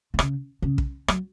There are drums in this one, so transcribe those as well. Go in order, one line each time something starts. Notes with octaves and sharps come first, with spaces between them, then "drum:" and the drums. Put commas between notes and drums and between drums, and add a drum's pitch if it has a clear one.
C3
C#3, drum: rim click
C#3
drum: kick
F#3, drum: rim click